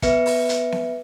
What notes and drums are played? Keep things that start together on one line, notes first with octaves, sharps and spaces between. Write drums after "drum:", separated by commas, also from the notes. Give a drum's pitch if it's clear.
B3 B4 E5 C#7, drum: kick, hi-hat
drum: open hi-hat
drum: hi-hat
drum: snare B3